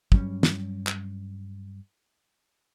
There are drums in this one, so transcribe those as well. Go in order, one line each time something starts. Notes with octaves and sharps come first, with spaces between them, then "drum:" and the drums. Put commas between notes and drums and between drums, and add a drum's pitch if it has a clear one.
G2 F#3 G3 C#4, drum: kick
drum: snare
drum: clap